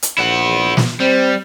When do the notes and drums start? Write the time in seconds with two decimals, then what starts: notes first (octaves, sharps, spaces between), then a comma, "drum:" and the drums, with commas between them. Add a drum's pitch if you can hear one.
0.02 drum: hi-hat
0.18 A#1 E4 F#5
0.77 drum: snare
1.00 G3 C4